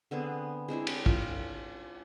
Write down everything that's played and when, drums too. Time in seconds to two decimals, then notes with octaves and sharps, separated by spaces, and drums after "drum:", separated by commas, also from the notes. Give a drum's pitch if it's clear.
0.11 D3 B3 C4 G#4
0.68 G#3 C4 D4 E4
0.87 drum: cymbal
1.06 F4, drum: kick